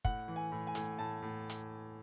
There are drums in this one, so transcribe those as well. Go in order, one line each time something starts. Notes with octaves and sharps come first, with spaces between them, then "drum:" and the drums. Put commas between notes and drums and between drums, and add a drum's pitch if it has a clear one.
A2 F#5, drum: kick
E3
G#5
A2
G#5
A2, drum: hi-hat
A2 A5
A2
drum: hi-hat